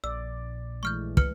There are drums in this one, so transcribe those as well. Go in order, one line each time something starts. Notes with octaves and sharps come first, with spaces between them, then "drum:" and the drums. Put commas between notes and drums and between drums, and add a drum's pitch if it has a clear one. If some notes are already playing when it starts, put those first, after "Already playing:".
A#1 D5 E6
E3 G#3 A3 C#6 F6 G6
B4 F6 C#7, drum: kick